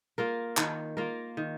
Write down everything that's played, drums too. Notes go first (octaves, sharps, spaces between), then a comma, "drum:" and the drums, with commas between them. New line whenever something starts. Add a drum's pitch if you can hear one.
A#3 F4 A#4
D#3, drum: clap
A#3 F4 A#4
D#3